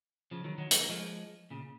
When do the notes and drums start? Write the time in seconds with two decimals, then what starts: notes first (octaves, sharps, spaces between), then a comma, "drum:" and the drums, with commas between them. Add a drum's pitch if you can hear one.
0.31 C#3 F3
0.44 D#3 F#3
0.58 D#3 F#3
0.71 G#3, drum: hi-hat
0.81 A#3
0.89 F3 G#3
1.50 A#2 C#3